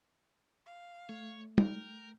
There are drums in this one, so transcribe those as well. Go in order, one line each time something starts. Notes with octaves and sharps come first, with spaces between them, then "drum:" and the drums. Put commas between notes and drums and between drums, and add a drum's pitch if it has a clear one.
F5
A3 C#5
A#4 G5, drum: tom